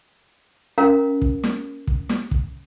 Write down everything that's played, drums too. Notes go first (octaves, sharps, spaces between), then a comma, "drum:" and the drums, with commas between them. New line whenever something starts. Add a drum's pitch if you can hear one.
C#4 A#4 F5 A#5
drum: kick
drum: snare
drum: kick
drum: snare
drum: kick